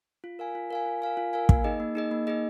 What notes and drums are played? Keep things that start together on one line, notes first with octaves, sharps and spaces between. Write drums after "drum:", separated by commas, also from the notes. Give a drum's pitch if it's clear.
F4
A#4 F5 G#5
F4
A#4 F5 G#5
F4
A#4 F5 G#5
F4
A#4 F5 G#5
A#3, drum: kick
D#4 G#4 D#5
A#3
D#4 G#4 D#5
A#3
D#4 G#4 D#5